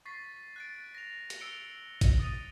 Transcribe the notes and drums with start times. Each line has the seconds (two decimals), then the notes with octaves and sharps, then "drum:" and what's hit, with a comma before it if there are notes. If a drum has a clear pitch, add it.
0.05 C#6 A6 B6 C7
0.56 F#6 A6 D7
0.95 A#6 F7
1.30 drum: hi-hat
1.40 E6 C#7 D7 F7 G7
2.01 drum: kick G#1, hi-hat
2.19 D#6 A6 D#7